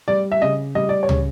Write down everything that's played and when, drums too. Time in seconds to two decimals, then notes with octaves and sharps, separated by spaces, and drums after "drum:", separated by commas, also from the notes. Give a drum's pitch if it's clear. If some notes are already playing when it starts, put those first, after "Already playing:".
0.08 G3 D5
0.32 E5
0.42 C#3 D#5
0.75 G3 D#5
0.89 D5
1.03 C#5
1.09 C#3, drum: tom